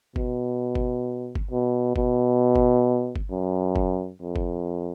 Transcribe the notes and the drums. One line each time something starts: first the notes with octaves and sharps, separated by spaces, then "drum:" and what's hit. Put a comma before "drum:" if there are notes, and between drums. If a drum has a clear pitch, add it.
B2, drum: kick G1
drum: kick G1
drum: kick G1
B2
B2, drum: kick G1
drum: kick G1
drum: kick G1
F#2
drum: kick G1
F2
drum: kick G1